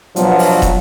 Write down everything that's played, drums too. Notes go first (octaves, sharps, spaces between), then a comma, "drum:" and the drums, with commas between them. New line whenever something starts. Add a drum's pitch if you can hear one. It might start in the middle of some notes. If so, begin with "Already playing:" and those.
G2 B2 F3 F#3, drum: hi-hat
drum: open hi-hat
drum: kick, hi-hat